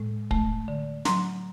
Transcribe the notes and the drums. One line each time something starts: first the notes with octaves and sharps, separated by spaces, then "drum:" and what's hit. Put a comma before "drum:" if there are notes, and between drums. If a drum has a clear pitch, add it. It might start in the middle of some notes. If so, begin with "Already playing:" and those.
Already playing: A2 G#3
A3, drum: kick
D3
F#3 A#5 C6, drum: snare